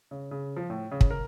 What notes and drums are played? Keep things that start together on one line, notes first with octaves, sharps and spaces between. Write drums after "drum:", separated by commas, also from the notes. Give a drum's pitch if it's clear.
C#3
C#3
F3
A2
C#3
drum: kick
A#4